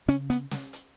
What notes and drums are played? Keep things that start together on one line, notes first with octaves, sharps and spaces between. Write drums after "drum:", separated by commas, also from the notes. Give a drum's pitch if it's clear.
C#3 C#4, drum: hi-hat
B3, drum: hi-hat
drum: snare
drum: hi-hat